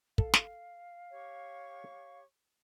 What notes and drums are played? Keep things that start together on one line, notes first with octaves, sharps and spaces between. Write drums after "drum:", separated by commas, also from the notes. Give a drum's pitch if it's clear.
A4 F5, drum: kick
drum: snare
G4 C#5 C#6